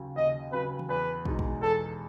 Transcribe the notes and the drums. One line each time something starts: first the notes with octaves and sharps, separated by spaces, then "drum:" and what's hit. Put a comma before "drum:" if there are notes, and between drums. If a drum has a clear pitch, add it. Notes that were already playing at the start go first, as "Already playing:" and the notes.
Already playing: D#2 C#3 F#3
D#2 D#5
drum: tom C3
C#3 F#3 B4
drum: tom D#3
E2 B4
B2 G#3 D#4, drum: kick
drum: kick
E2 A4